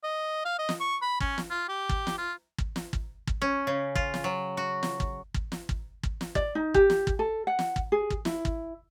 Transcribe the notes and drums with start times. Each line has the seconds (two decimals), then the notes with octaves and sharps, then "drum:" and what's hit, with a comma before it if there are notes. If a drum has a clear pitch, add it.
0.04 D#5
0.45 F5
0.59 D#5
0.69 drum: snare
0.81 C#6
1.02 B5
1.20 C#4, drum: kick
1.38 drum: snare
1.50 F4
1.69 G4
1.89 drum: kick
2.07 drum: snare
2.18 F4
2.58 drum: kick
2.76 drum: snare
2.93 drum: kick
3.27 drum: kick
3.42 C#4
3.67 C#3
3.95 F4, drum: kick
4.14 drum: snare
4.24 F#3
4.57 F#4
4.83 drum: snare
5.00 drum: kick
5.34 drum: kick
5.52 drum: snare
5.69 drum: kick
6.03 drum: kick
6.21 drum: snare
6.35 D5, drum: kick
6.55 D#4
6.74 G4, drum: kick
6.90 drum: snare
7.07 drum: kick
7.19 A4
7.47 F#5
7.59 drum: snare
7.76 drum: kick
7.92 G#4
8.10 drum: kick
8.25 E4, drum: snare
8.45 drum: kick